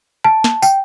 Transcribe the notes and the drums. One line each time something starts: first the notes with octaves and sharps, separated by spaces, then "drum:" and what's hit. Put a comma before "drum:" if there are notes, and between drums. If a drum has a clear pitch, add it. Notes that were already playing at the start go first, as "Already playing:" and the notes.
A5
drum: snare
G5, drum: tambourine